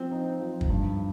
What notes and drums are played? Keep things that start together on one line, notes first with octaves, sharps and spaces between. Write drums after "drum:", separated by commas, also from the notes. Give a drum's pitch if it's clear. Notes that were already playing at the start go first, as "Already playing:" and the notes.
Already playing: F3 C4
D#4
F3
drum: kick
G2